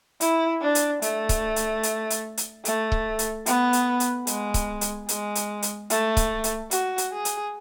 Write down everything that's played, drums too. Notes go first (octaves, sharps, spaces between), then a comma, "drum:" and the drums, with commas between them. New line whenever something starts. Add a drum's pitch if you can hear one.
E4, drum: hi-hat
D4
drum: hi-hat
A3, drum: hi-hat
drum: kick C#1, hi-hat
drum: hi-hat
drum: hi-hat
drum: hi-hat
drum: hi-hat
A3, drum: hi-hat
drum: kick C#1
drum: hi-hat
B3, drum: hi-hat
drum: hi-hat
drum: hi-hat
G#3, drum: hi-hat
drum: kick C#1, hi-hat
drum: hi-hat
G#3, drum: hi-hat
drum: hi-hat
drum: hi-hat
A3, drum: hi-hat
drum: kick C#1, hi-hat
drum: hi-hat
F#4, drum: hi-hat
drum: hi-hat
G#4
drum: hi-hat